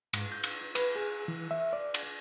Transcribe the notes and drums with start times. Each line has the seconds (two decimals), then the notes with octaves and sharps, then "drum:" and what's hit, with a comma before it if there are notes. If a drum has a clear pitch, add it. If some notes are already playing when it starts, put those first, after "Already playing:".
0.13 G#2, drum: cymbal
0.32 G6
0.44 drum: cymbal
0.75 B4, drum: cymbal
0.96 G#4
1.28 E3
1.51 E5
1.73 D5
1.94 drum: cymbal